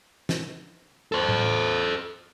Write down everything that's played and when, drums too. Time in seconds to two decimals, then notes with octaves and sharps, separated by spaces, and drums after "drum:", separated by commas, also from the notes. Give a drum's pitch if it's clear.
0.29 drum: snare
1.12 A4 C5
1.29 drum: tom A2